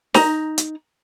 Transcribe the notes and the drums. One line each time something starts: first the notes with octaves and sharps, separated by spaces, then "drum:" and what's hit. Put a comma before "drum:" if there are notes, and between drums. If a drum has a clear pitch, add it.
D#4 A#5, drum: snare
drum: hi-hat